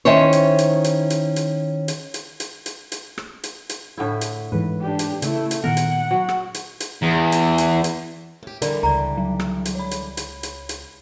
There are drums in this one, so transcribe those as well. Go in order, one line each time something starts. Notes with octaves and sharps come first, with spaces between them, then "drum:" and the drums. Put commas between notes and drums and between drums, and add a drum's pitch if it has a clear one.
D#3 C#4 E4 C5 C#5
drum: hi-hat
drum: hi-hat
drum: hi-hat
drum: hi-hat
drum: hi-hat
drum: hi-hat
drum: hi-hat
drum: hi-hat
drum: hi-hat
drum: hi-hat
drum: rim click
drum: hi-hat
drum: hi-hat
A2 D3 E4
drum: hi-hat
G#2 E3 B4
D4 G4
drum: hi-hat
C#3 A3 E4, drum: hi-hat
drum: hi-hat
A#2 D#3 B3 A#4 F#5
drum: hi-hat
F#3
drum: rim click
drum: hi-hat
drum: hi-hat
E2
drum: hi-hat
drum: hi-hat
drum: hi-hat
A2 G4
D3 E3 G3 A#4 D5, drum: hi-hat
C#2 D5 A#5
F#3
drum: rim click
drum: hi-hat
C#5 B5
drum: hi-hat
drum: hi-hat
drum: hi-hat
drum: hi-hat